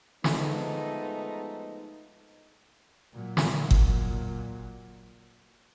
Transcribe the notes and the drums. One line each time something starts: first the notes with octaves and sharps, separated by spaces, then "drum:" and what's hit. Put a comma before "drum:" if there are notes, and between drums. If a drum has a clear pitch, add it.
F3 G#3 A3 B3 D#4, drum: snare
A#2 F#3
drum: snare
drum: kick G1